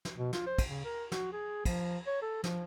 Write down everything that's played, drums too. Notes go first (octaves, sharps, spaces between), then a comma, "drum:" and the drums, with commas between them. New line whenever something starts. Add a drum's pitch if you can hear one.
drum: snare
B2
F4, drum: snare
C5
drum: kick, cymbal
C#3
A#4
F#4, drum: snare
G#4
F3, drum: kick, cymbal
C#5
A4
F3, drum: snare